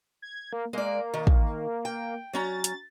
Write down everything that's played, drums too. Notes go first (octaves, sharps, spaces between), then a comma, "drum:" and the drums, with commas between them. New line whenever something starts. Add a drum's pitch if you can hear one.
G#6
A#3
G#3 A#3 D5
D#3
drum: kick
G5
F#3 C#4 A#5 A6
drum: hi-hat